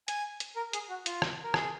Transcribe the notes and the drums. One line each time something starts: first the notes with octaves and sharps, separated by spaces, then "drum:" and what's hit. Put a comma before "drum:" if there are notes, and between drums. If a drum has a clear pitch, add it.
G#5, drum: hi-hat
drum: hi-hat
A#4
G#4, drum: hi-hat
F#4
F4, drum: hi-hat
drum: rim click
A#4
G#4, drum: rim click